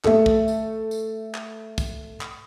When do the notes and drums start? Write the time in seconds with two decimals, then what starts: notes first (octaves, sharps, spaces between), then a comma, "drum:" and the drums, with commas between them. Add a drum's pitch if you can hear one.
0.04 A3 A4, drum: clap
0.26 drum: kick
0.48 drum: tambourine
0.91 drum: tambourine
1.34 drum: clap
1.78 drum: kick, tambourine
2.21 drum: clap